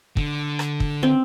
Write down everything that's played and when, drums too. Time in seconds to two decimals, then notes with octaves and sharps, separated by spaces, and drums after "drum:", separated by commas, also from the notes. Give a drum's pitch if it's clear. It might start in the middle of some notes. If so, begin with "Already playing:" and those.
0.17 D3, drum: kick
0.59 drum: rim click
0.80 drum: kick
1.03 C4